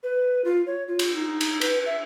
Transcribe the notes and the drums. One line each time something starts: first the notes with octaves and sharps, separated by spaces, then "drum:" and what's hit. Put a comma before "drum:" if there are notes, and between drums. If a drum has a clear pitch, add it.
B4
F4
C#5
F4
drum: cymbal
D#4
drum: cymbal
B4, drum: cymbal
E5